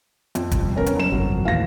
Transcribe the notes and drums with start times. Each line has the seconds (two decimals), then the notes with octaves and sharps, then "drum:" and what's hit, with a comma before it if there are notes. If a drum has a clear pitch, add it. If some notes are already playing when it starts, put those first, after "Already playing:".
0.35 F2, drum: hi-hat
0.51 D#1 C2, drum: kick, hi-hat
0.75 B3 C#4 A#4
0.86 drum: hi-hat
0.97 F#1 E7
1.12 G1 C2 F2 F#3
1.45 D#2 A2 E3 F5 A#6